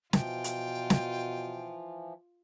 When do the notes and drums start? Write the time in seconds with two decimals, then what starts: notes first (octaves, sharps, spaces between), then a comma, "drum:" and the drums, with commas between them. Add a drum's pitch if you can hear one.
0.13 B2 E3 F3 F4 G5, drum: snare
0.44 drum: hi-hat
0.90 drum: snare